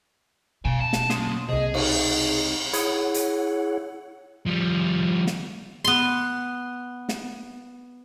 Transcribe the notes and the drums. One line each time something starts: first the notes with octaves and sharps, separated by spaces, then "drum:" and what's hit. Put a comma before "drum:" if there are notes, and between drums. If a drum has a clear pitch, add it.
B2 F5 G#5
A5
drum: snare
A#3 C#4 C6 D#6, drum: snare
C2 C3 G#4 D#5
D#4, drum: cymbal
E4 G#4 C#5 F#5, drum: hi-hat
drum: hi-hat
F3 G3
drum: snare
B3 C6
drum: snare